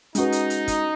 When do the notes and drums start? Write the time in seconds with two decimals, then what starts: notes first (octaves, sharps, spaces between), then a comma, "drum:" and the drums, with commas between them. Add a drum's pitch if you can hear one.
0.15 G#3 C#4 D#4 F#4 B4, drum: hi-hat
0.32 drum: hi-hat
0.50 drum: hi-hat
0.68 drum: kick, hi-hat